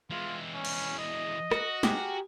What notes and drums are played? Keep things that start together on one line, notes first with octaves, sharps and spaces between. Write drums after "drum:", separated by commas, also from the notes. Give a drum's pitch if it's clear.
E3 G#3 F4
C#4
drum: cymbal
D#5
F#4, drum: rim click
G4 G#4 A#4, drum: snare